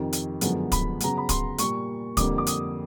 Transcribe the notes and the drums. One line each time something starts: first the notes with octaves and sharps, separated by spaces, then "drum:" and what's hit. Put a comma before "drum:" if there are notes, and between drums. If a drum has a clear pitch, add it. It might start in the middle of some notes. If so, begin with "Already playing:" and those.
Already playing: F2 C3 D#3
drum: hi-hat
F#2 D3 F3 G#3 B3, drum: hi-hat
B5, drum: kick, hi-hat
C#3 F#3 B3 A#5, drum: hi-hat
B5
C6, drum: kick, hi-hat
A#2 G3 A#3 C#6, drum: hi-hat
F2 D3 G3 A#3 D6, drum: kick, hi-hat
D6
D#6, drum: hi-hat